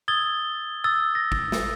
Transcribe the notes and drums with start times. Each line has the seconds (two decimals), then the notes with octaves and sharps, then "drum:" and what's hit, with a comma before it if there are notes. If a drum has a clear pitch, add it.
0.08 D#6 E6 G#6 A6 G7
0.84 D#6 E6 A6
1.15 A6 A#6
1.32 drum: kick G#1
1.52 drum: snare